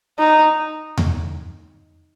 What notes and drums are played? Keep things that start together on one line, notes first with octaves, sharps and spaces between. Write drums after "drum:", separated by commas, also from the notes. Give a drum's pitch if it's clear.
D#4
drum: tom E2